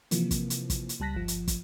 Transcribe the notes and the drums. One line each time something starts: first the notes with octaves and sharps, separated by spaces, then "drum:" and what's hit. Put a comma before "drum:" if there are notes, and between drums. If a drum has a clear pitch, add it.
C3 E3 F3 A#3, drum: hi-hat
drum: kick, hi-hat
drum: hi-hat
drum: kick, hi-hat
drum: hi-hat
C#2 G3 A5 F#6 A#6 B6
G1 F3
drum: hi-hat
drum: kick, hi-hat